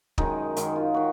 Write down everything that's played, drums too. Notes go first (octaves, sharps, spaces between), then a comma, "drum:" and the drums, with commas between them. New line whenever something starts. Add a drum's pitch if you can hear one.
F#2 D#3 G#3 D#4, drum: kick
F#2 D#3 G#3, drum: hi-hat
F4
D#3 F#4